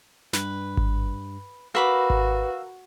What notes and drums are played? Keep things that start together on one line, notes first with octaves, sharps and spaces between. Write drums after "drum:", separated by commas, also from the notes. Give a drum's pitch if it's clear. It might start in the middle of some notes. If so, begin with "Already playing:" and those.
G2 B4, drum: snare
drum: kick G#1
F#4 A#4 B4 F5 B5 D6 E6
drum: kick G#1